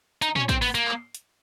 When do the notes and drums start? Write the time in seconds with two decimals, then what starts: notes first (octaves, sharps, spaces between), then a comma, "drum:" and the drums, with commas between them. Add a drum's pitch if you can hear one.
0.22 D#4, drum: hi-hat
0.36 C#4, drum: tom
0.49 C4, drum: kick, hi-hat
0.62 B3, drum: open hi-hat
0.75 A#3, drum: hi-hat
0.88 drum: clap
1.15 drum: hi-hat